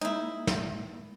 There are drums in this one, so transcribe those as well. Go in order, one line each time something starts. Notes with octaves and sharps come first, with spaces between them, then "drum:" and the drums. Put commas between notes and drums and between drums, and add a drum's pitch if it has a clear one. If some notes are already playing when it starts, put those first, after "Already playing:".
G#3 A#3 D#4 E4
drum: snare